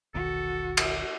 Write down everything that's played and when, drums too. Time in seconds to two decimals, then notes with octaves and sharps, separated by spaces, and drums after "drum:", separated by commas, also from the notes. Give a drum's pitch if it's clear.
0.14 E1 B1 D#3 F#4 A4
0.77 drum: cymbal